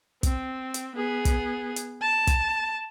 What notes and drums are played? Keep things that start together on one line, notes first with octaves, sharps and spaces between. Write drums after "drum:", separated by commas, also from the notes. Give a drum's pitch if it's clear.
C4, drum: kick, hi-hat
drum: hi-hat
B3 G#4
drum: kick, hi-hat
drum: hi-hat
A5
drum: kick, hi-hat